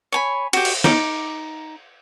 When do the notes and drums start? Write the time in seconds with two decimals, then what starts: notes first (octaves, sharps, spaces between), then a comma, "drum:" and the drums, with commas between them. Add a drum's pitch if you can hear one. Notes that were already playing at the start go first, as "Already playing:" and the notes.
0.12 C#5 G#5 B5
0.53 F#4 G4, drum: cymbal
0.65 drum: cymbal
0.84 D#4 D6, drum: snare